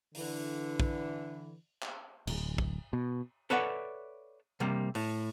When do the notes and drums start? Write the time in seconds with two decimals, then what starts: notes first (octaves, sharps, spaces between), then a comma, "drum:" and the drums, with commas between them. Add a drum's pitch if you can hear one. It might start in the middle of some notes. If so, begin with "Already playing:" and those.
0.15 D3 E3, drum: open hi-hat
0.80 drum: kick
1.82 drum: clap
2.27 D1, drum: cymbal
2.58 drum: kick
2.93 B2
3.50 A4 B4 C#5 D5 E5 F#5
4.60 C3 G3 A#3
4.95 A2, drum: open hi-hat